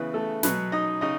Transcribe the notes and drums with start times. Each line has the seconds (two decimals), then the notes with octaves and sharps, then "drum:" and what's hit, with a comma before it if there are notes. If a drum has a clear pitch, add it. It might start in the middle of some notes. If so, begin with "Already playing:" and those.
Already playing: C#3 E3 B3 B4
0.14 A3 A4
0.43 B2 F#3 B3 B4, drum: snare
0.72 D#4 D#5
1.01 C#3 D#4 D#5